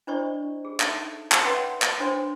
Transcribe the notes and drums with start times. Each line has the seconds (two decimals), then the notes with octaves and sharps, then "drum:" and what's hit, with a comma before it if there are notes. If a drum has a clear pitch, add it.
0.07 D4 E4 C5 D5 D#5 C#6
0.65 G#4
0.80 D#4 A4 E5, drum: clap
1.32 drum: clap
1.44 B4 C#5 E5 F#5 G5 C6
1.82 drum: clap
2.00 D4 C5 C#5 C6